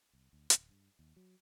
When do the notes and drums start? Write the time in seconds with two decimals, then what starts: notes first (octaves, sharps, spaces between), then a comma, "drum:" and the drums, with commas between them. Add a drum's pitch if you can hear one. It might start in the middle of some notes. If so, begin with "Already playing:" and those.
0.13 C2
0.33 D2
0.50 D1, drum: hi-hat
0.70 G2
0.99 D#2
1.16 F#3